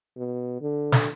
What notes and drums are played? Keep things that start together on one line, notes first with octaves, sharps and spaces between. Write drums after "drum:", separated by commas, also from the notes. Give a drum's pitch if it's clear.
B2
D3
drum: snare